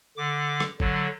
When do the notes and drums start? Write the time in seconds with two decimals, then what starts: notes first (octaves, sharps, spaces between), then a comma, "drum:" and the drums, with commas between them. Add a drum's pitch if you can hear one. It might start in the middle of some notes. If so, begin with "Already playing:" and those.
0.17 D3 D6
0.60 drum: rim click
0.80 D3 F#3, drum: kick